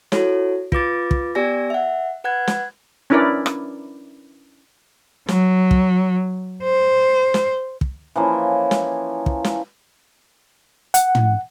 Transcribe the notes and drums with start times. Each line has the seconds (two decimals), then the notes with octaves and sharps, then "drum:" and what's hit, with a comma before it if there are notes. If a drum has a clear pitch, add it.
0.12 E4 F#4 A4 C#5, drum: snare
0.72 F4 B4 D6 A6, drum: kick
1.11 drum: kick
1.35 B3 G4 D5 G#5 A#6
1.70 E5 F#5
2.24 B4 F#5 F#6 G#6
2.48 drum: snare
3.10 C#4 D4 E4 A#4 B4 D5
3.46 drum: rim click
5.28 F#3, drum: snare
5.71 drum: kick
6.63 C5
7.34 drum: snare
7.81 drum: kick
8.16 E3 F3 A#3 C#4
8.71 drum: snare
9.26 drum: kick
9.44 drum: snare
10.94 F#5, drum: hi-hat
11.15 drum: tom